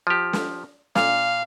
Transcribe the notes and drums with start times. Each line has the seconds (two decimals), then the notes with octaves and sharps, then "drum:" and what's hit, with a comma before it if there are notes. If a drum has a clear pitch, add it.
0.07 F3 G4
0.33 drum: snare
0.95 A#2 F5, drum: snare